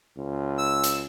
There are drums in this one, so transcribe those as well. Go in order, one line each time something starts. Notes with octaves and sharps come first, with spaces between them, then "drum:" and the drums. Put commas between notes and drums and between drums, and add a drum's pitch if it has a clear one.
C#2
E6
drum: hi-hat